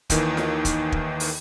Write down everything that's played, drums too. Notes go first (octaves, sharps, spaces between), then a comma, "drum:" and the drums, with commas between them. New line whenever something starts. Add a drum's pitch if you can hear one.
D#2 D#3 E3, drum: kick, hi-hat
drum: snare F4
drum: kick, hi-hat
drum: kick
drum: open hi-hat